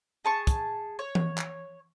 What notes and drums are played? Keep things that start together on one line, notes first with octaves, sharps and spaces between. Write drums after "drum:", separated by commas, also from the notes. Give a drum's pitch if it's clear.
G#4 A5 C#6
drum: kick, hi-hat
C#5
drum: tom E3
drum: clap